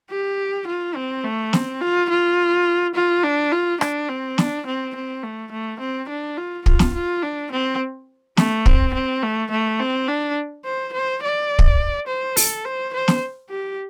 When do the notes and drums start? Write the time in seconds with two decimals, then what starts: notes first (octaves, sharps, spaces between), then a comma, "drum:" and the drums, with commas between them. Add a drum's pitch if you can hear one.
0.10 G4
0.67 F4
0.95 C4
1.24 A3
1.53 C4, drum: snare
1.81 F4
2.10 F4
2.95 F4
3.23 D4
3.52 F4
3.81 D4, drum: rim click
4.09 C4
4.38 D4, drum: snare
4.66 C4
4.95 C4
5.23 A3
5.52 A3
5.80 C4
6.09 D4
6.38 F4
6.66 F4, drum: kick
6.79 drum: snare
6.94 F4
7.22 D4
7.52 C4
8.37 A3, drum: snare
8.66 C4, drum: kick
8.94 C4
9.23 A3
9.51 A3
9.80 C4
10.08 D4
10.65 C5
10.93 C5
11.23 D5
11.59 drum: kick
12.08 C5
12.37 A4, drum: open hi-hat
12.65 C5
12.94 C5
13.08 drum: snare
13.50 G4